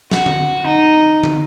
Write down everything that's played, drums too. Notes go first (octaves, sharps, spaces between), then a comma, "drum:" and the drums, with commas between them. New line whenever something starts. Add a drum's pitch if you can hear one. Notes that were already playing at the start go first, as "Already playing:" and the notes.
F#4, drum: snare
drum: tom D3
D#4
drum: tom D3